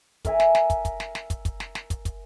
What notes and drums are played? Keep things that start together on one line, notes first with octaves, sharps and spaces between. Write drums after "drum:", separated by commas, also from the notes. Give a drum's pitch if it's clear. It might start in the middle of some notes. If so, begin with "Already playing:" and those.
A#4 E5 G#5, drum: kick, hi-hat
drum: snare
drum: snare
drum: kick, hi-hat
drum: kick, hi-hat
drum: snare
drum: snare
drum: kick, hi-hat
drum: kick, hi-hat
drum: snare
drum: snare
drum: kick, hi-hat
drum: kick, hi-hat